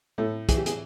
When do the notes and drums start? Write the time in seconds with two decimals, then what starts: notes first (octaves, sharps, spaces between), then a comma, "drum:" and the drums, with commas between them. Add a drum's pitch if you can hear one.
0.18 A2 A4
0.49 E3 G#4, drum: kick, hi-hat
0.57 G4
0.66 G#4, drum: hi-hat